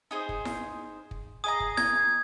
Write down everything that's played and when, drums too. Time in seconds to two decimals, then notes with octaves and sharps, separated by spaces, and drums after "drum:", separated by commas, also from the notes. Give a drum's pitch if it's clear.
0.11 D#4 G#4 C5
0.29 drum: kick
0.45 drum: snare E4
1.11 drum: kick
1.44 G#4 D#5 A#5 D#6
1.60 drum: kick
1.77 G#6, drum: snare E4